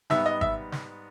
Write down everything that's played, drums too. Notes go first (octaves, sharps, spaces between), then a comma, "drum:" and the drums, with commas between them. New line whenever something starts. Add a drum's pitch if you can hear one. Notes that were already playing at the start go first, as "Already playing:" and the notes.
G#2 G3 B3 E5, drum: snare
D#5
E5, drum: kick G#1
drum: snare